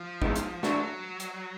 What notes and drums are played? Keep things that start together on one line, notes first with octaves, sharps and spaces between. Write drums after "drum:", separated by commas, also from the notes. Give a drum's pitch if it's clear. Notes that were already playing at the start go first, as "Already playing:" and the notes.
Already playing: F3
C3 E3 G#3 B3 D#4, drum: kick
drum: hi-hat
A2 E3 F#3 A3 D4 F#4, drum: snare
drum: hi-hat